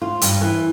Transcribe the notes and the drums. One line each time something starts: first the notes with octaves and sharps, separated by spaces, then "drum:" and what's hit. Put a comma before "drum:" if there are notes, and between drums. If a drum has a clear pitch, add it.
F4
G2, drum: hi-hat
E3